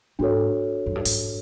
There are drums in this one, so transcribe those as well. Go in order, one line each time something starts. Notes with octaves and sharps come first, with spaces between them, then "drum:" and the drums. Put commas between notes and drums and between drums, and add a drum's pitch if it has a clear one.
G#2 D4 F#4 A4 C#5
F#2
G2
G#2, drum: open hi-hat